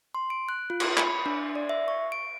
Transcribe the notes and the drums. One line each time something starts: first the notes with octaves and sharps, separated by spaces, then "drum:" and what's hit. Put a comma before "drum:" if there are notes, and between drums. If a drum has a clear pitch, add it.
C6
D7
F#6
F4
drum: cymbal
B5, drum: clap
D4
D5
E5
C#6
D7